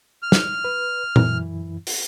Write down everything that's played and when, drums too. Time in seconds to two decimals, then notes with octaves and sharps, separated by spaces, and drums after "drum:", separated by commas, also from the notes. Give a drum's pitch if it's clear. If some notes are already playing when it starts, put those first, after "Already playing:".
0.23 F6
0.32 drum: snare
0.64 B4
1.16 F#2 E3 E4, drum: tom A#2
1.87 drum: open hi-hat